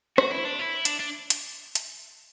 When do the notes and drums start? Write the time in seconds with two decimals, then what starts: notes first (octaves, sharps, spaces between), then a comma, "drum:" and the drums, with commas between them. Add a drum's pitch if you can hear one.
0.18 F#4, drum: rim click
0.32 E4
0.45 D4
0.59 E4
0.85 D4, drum: hi-hat
1.00 D4
1.30 drum: hi-hat
1.75 drum: hi-hat